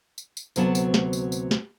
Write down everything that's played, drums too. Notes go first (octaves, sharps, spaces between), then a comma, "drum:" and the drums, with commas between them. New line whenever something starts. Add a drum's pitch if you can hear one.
drum: tambourine
drum: tambourine
D2 C3 F#3 B3 F#5 A5, drum: tambourine
drum: tambourine
drum: snare
drum: tambourine
drum: tambourine
drum: snare